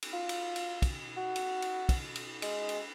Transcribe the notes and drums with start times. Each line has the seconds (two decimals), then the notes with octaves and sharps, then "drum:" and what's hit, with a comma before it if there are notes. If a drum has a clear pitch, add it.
0.02 drum: cymbal
0.13 F4
0.29 drum: cymbal
0.56 drum: cymbal
0.82 drum: kick, cymbal
1.17 F#4
1.36 drum: cymbal
1.62 drum: cymbal
1.89 drum: kick, cymbal
2.15 drum: cymbal
2.42 G#3, drum: cymbal
2.69 drum: cymbal